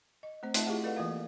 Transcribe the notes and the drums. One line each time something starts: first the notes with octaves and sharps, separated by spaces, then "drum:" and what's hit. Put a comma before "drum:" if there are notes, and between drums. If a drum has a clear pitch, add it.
D#5
A3 C4 C5
A3 D#4 F4 D#5 E5 A5, drum: hi-hat
E4 F4 G4 G#4 F5 F#5
A4 B4 D5 D#5 F5 F#5
E3 A#3 F4 A#4 F5